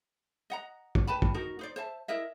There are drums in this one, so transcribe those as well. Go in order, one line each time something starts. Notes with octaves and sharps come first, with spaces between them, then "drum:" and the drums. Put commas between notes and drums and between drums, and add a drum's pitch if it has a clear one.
D#5 F#5 A#5
drum: kick
B4 G5 A5 B5
drum: kick
D#4 F#4 A#4
D#4 C5 D5
C5 E5 A5
E4 A#4 D#5 E5